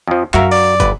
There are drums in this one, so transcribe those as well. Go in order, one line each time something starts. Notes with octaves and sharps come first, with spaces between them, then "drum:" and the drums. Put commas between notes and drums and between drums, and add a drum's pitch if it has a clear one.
F2 F3
F#2 F#4 A#4 E5 F5, drum: clap
D5, drum: open hi-hat
G1 B4, drum: kick, hi-hat